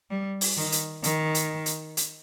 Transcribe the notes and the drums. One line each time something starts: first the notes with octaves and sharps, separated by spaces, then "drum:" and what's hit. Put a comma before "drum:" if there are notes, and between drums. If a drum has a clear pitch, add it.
G3
drum: open hi-hat
D#3
drum: hi-hat
D#3, drum: hi-hat
drum: hi-hat
drum: hi-hat
drum: hi-hat